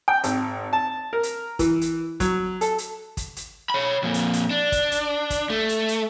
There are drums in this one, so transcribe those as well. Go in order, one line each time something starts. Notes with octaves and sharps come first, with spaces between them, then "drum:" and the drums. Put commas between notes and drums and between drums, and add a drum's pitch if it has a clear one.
G5
G#1, drum: hi-hat
A5
A#4
drum: hi-hat
E3, drum: kick, hi-hat
drum: hi-hat
F#3, drum: kick, hi-hat
A4, drum: hi-hat
drum: hi-hat
drum: kick, hi-hat
drum: hi-hat
C#5 B5
F2 A#2
drum: hi-hat
drum: hi-hat
D4
drum: kick, hi-hat
drum: hi-hat
drum: kick, hi-hat
A3
drum: hi-hat
drum: hi-hat